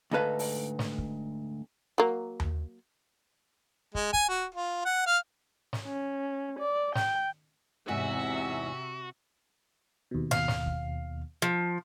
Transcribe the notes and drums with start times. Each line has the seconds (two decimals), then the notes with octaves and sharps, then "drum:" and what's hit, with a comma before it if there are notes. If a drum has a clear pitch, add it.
0.11 D2 G#2 D#4 A4 B4 F5
0.39 drum: open hi-hat
0.79 drum: snare
0.98 drum: kick
1.98 F#3 A#3
2.40 drum: tom D#2
3.95 G#3, drum: kick
4.13 G#5, drum: kick
4.29 F#4
4.55 F4
4.85 F#5
5.07 F5
5.73 drum: snare
5.85 C#4
6.59 D5
6.95 G5, drum: snare
7.88 E2 G#2 C3 F#4 E5
10.11 D#2 B2
10.31 F5, drum: snare
10.48 drum: snare
10.66 drum: kick
11.42 F3